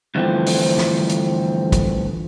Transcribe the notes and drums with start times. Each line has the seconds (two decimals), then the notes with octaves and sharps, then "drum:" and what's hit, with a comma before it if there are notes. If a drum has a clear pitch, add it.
0.15 G2 D3 E3 F3 A3 C4
0.46 drum: open hi-hat
0.78 drum: snare
1.09 drum: hi-hat
1.72 drum: kick, hi-hat